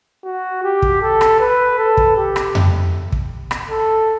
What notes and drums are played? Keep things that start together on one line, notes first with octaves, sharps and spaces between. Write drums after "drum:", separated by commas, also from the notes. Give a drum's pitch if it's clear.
F#4
G4
drum: kick
A4
drum: rim click
B4
A4
drum: kick
G4
drum: rim click
drum: tom F2
drum: kick
drum: rim click
A4